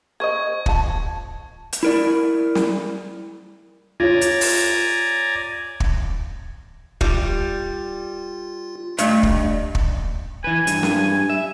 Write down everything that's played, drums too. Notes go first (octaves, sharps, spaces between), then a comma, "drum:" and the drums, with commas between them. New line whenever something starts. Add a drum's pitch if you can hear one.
A#4 C5 D#5 C#6 G#6
F4 A5, drum: kick
drum: hi-hat
E4 A#4 D5
drum: snare
F4 C#5 D5 G#5 A#5
drum: hi-hat
drum: open hi-hat
drum: kick
G3 F4, drum: kick
G2 A3 D5 D#5, drum: hi-hat
drum: kick
drum: kick
E3 B4 G#5
G2, drum: hi-hat
drum: snare
E5